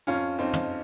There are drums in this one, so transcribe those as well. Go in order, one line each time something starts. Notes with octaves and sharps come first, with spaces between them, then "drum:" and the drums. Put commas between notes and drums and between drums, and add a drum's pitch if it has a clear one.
F2 C#4 F4
F2 C4 D#4
drum: tom